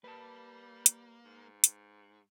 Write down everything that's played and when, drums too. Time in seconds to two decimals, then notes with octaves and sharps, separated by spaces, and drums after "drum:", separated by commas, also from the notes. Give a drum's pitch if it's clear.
0.04 G3 A#3 B4 A5
0.86 drum: hi-hat
1.25 G#2
1.64 drum: hi-hat